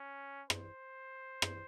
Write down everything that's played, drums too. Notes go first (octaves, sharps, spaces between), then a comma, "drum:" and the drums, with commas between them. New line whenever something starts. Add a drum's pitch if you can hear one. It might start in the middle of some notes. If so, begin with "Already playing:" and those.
Already playing: C#4
C5, drum: rim click
drum: rim click